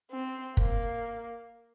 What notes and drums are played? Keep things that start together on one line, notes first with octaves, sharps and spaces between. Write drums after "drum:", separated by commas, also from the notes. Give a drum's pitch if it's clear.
C4
A#3, drum: kick